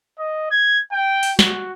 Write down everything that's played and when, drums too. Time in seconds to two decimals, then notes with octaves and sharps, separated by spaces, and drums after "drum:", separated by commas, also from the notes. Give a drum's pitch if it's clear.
0.19 D#5
0.51 G#6
0.92 G5
1.23 drum: open hi-hat
1.39 F#4, drum: snare